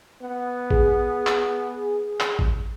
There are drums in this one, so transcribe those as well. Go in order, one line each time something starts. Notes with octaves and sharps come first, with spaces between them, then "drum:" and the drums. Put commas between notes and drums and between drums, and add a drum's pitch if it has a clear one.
B3 F#5
G#4, drum: kick G#1
drum: clap
drum: clap
drum: kick G#1